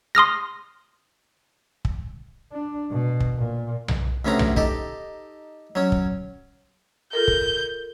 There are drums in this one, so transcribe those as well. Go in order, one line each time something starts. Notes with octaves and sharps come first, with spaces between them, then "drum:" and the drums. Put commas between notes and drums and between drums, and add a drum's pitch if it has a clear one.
C6 D#6 F6 A#6
drum: kick
D4
B2
drum: kick
A#2
drum: tom B1
D2 C3 B3 C#4 A#5
drum: tom B1
D#4 G4 A4, drum: kick
F#3 C#4
drum: kick
F4 A4 A#4 G6
drum: kick